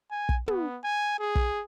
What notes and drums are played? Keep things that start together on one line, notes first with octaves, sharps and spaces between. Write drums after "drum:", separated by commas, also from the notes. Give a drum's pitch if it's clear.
G#5
drum: kick
B3, drum: tom
G#5
G#4
drum: kick